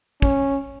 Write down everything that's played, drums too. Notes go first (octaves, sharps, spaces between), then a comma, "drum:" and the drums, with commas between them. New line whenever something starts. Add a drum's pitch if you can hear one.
C#4, drum: kick